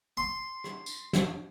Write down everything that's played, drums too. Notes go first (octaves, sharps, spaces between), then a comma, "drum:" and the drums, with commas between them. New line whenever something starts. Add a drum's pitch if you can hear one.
C6
drum: rim click
drum: tambourine
drum: snare